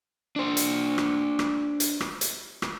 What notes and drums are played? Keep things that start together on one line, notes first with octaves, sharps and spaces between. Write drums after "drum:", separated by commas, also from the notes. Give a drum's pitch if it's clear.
D4 C5
drum: hi-hat
drum: rim click
drum: rim click
drum: hi-hat
drum: rim click
drum: hi-hat
drum: rim click